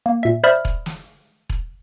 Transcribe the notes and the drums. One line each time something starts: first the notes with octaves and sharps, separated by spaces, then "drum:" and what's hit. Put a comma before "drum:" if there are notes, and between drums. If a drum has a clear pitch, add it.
A#3
A#2 E5
C5 D5 E5 B5 D#6 F6
drum: kick E1
drum: snare
drum: kick E1